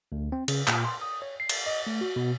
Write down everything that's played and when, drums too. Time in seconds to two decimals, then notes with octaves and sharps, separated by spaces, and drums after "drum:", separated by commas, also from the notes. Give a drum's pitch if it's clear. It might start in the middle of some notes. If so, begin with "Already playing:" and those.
0.12 D2
0.32 C4
0.48 C#3, drum: cymbal
0.68 A#2, drum: clap
0.85 C6
1.01 D#6
1.22 C#5
1.40 C7
1.49 drum: cymbal
1.66 D#5
1.87 A3
2.01 F#4
2.16 B2